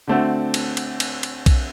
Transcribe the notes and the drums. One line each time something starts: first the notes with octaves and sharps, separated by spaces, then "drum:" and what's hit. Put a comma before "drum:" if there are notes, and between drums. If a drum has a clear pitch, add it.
D3 A3 C4 F#4
drum: cymbal
drum: cymbal
drum: cymbal
drum: cymbal
drum: kick B1, cymbal